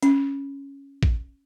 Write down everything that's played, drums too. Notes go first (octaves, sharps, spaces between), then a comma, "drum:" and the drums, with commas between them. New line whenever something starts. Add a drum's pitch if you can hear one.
C#4, drum: hi-hat
drum: kick A1